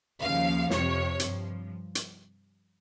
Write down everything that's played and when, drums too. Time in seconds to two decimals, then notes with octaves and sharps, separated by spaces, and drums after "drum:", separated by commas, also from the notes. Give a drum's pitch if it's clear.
0.21 D#2 C#3 F3 F5
0.70 F2 C3 F3 C#5, drum: snare
1.20 G2 F3, drum: hi-hat
1.95 drum: hi-hat